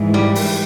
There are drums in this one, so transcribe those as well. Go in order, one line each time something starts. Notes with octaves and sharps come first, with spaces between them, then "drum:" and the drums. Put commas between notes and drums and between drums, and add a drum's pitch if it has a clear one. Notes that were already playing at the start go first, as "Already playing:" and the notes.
Already playing: G#2 E3 G#3
G3
drum: open hi-hat